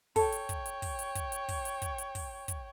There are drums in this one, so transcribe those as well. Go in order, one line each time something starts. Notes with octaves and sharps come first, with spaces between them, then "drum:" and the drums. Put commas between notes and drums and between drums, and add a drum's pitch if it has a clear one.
A4 C#5 G5, drum: kick, open hi-hat
drum: hi-hat
drum: kick, hi-hat
drum: hi-hat
drum: kick, open hi-hat
drum: hi-hat
drum: kick, hi-hat
drum: hi-hat
drum: kick, open hi-hat
drum: hi-hat
drum: kick, hi-hat
drum: hi-hat
drum: kick, open hi-hat
drum: kick, hi-hat